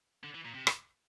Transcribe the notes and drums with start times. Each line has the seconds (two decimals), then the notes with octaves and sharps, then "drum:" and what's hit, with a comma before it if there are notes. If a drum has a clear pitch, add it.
0.24 D3
0.35 E3
0.45 A#2
0.55 C3
0.67 drum: rim click